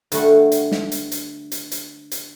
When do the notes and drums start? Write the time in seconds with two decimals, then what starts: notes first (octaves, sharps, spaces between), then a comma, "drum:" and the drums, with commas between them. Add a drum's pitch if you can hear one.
0.12 D3 G3 A3 F#4, drum: hi-hat
0.52 drum: hi-hat
0.72 drum: snare
0.92 drum: hi-hat
1.12 drum: hi-hat
1.52 drum: hi-hat
1.72 drum: hi-hat
2.12 drum: hi-hat